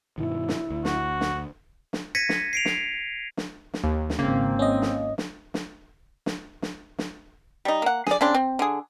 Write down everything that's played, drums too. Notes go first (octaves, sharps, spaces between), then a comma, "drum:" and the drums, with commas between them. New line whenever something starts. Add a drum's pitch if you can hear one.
G2 B2 D#3 E4
drum: snare
D2
F#4, drum: snare
drum: snare
drum: snare
G#6 A#6 B6 C#7 D#7
drum: snare
C7 D7 F7
drum: snare
drum: snare
drum: snare
D#2
drum: snare
G#1 C#3 A#3 C4
C#4 D#5
drum: snare
drum: snare
drum: snare
drum: snare
drum: snare
drum: snare
G3 D#4
A#3 F#5
G#4 D5, drum: snare
C#3 C4 D4 C6
C4
D3 G#4